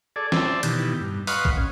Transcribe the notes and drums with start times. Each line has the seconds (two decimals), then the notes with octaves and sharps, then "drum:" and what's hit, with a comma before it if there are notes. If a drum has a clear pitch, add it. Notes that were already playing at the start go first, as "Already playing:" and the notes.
0.16 G#4 A4 D5
0.32 C5 D5 E5 A5, drum: snare
0.63 B2 D#3 E3 G4, drum: hi-hat
1.01 G2
1.27 B4 D#5 F5 F#5 C6 C#6, drum: open hi-hat
1.45 drum: kick A1
1.57 C#4